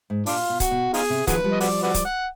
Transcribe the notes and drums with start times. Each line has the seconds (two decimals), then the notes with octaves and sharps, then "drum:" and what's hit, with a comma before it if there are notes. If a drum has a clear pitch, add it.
0.10 G#2
0.26 A#2 D4 F4, drum: open hi-hat
0.49 B2
0.60 F#4, drum: kick C#1, hi-hat
0.71 B2
0.94 D#4 F4 G#4, drum: open hi-hat
1.10 C3
1.27 D#3 F3 F#4 G#4 B4, drum: kick C#1, hi-hat
1.44 F3 G3
1.52 D#5
1.60 F#4 B4 D5, drum: open hi-hat
1.83 F#4 B4 D5
1.94 drum: kick C#1, hi-hat
2.05 F#5